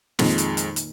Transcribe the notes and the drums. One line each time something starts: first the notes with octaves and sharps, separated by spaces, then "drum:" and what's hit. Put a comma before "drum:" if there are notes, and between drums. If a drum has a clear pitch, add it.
F2 A#2 D#3 G#3, drum: snare
drum: hi-hat
drum: hi-hat
drum: hi-hat